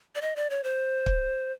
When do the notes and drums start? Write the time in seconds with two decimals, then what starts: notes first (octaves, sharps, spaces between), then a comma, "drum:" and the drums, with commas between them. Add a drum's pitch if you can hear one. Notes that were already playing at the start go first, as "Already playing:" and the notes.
0.15 D5
0.22 D#5
0.36 D5
0.50 C#5
0.64 C5
1.06 drum: kick